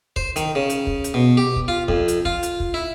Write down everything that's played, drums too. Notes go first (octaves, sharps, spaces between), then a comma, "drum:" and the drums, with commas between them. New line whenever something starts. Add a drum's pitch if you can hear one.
C5, drum: kick
D#3, drum: hi-hat
C#3
drum: hi-hat
drum: kick
drum: hi-hat
B2
G4
drum: kick
F4
F2, drum: kick
drum: hi-hat
F4, drum: kick
drum: hi-hat
drum: kick
E4